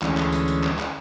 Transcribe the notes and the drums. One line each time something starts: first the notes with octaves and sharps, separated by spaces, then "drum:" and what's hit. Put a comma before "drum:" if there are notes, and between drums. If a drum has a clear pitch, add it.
D2 E3 G#3 C#4, drum: clap
drum: clap
drum: tambourine
drum: tambourine
drum: clap
drum: clap